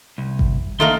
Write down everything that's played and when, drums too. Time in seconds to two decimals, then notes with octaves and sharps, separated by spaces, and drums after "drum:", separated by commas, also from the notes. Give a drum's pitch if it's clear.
0.18 C2
0.39 drum: kick G#1
0.80 D#3 A3 A#3 D#4 C6